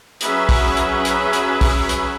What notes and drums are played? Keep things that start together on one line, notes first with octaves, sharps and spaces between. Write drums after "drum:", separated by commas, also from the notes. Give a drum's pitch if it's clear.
F#3 C#4 G#4 B4 E5, drum: hi-hat
drum: kick, open hi-hat
drum: hi-hat
drum: hi-hat
drum: hi-hat
drum: kick, open hi-hat
drum: hi-hat